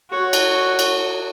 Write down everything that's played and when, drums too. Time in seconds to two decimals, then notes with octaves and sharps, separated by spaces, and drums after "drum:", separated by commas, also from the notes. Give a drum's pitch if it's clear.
0.10 F#4 C#5
0.33 drum: cymbal
0.79 drum: cymbal